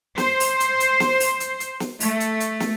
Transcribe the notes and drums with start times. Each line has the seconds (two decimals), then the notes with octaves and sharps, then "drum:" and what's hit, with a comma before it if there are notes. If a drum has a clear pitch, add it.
0.18 C5, drum: snare
0.40 drum: open hi-hat
0.60 drum: hi-hat
0.80 drum: hi-hat
1.00 drum: snare
1.20 drum: open hi-hat
1.40 drum: hi-hat
1.60 drum: hi-hat
1.80 drum: snare
2.00 A3, drum: open hi-hat
2.20 drum: hi-hat
2.40 drum: hi-hat
2.60 drum: snare